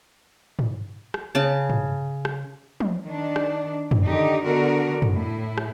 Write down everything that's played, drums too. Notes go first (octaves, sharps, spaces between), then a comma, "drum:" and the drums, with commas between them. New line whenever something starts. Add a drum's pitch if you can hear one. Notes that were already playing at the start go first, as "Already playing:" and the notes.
drum: tom
drum: rim click
C#3 A5
drum: tom
drum: rim click
drum: tom
D#3 D4
drum: rim click
drum: tom
D3 D#3 D#4 G4
D3 B3 F#4 A#4
drum: tom
A2 E4
drum: rim click